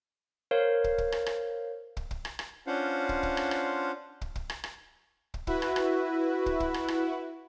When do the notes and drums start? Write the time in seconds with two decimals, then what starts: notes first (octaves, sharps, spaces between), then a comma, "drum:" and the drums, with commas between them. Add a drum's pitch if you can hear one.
0.51 A#4 C5 C#5 F5
0.84 drum: kick
0.98 drum: kick
1.12 drum: rim click
1.26 drum: rim click
1.97 drum: kick
2.11 drum: kick
2.25 drum: rim click
2.39 drum: rim click
2.67 C#4 D4 F4 C5 F5 F#5
3.09 drum: kick
3.23 drum: kick
3.37 drum: rim click
3.51 drum: rim click
4.21 drum: kick
4.35 drum: kick
4.50 drum: rim click
4.64 drum: rim click
5.34 drum: kick
5.47 E4 F#4 B4, drum: kick
5.62 drum: rim click
5.76 drum: rim click
6.46 drum: kick
6.60 drum: kick
6.74 drum: rim click
6.88 drum: rim click